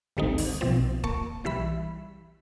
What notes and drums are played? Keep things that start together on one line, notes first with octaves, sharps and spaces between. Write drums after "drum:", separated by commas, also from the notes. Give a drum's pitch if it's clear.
G#1 D2 G3 A3 C4 D#4
drum: open hi-hat
B1 B2 F3 C4
A#3 A5 C#6, drum: kick
B1 E3 G3 E5 B5